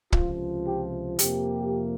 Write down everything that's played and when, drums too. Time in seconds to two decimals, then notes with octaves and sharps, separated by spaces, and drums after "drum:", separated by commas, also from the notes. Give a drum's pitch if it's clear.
0.12 C#2 C3 F3 F4, drum: kick
0.66 G4
1.19 F2 C3 F3 A#3 G4, drum: hi-hat